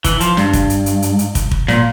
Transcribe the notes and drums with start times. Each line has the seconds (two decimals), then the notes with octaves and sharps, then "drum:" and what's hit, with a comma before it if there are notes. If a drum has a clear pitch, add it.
0.04 E3, drum: kick, hi-hat
0.20 F3, drum: hi-hat
0.37 G2, drum: snare
0.53 drum: kick, hi-hat
0.70 drum: hi-hat
0.86 drum: hi-hat
1.02 drum: hi-hat
1.19 drum: hi-hat
1.35 drum: kick, hi-hat
1.51 drum: kick
1.68 A#2, drum: snare